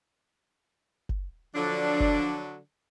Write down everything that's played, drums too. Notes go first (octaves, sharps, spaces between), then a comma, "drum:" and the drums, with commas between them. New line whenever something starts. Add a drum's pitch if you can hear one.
drum: kick F#1
D3 F3 F#3 D4
drum: kick F#1